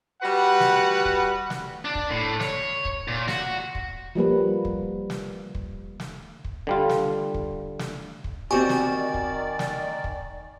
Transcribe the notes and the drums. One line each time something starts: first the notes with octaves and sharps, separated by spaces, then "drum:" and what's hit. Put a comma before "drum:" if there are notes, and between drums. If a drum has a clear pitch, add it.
G3 F#4 B4 F#5
drum: snare
drum: kick
drum: snare
D4
drum: kick
A2
C#5, drum: snare
drum: kick
A#2
F#4, drum: snare
drum: kick
F3 G3 A#3 B4
drum: kick
drum: snare
drum: kick
drum: snare
drum: kick
D3 G3 F4
drum: snare
drum: kick
drum: snare
drum: kick
D#3 C4 F#4 G4 D5 G#5 C#6
drum: snare
drum: kick
drum: snare
drum: kick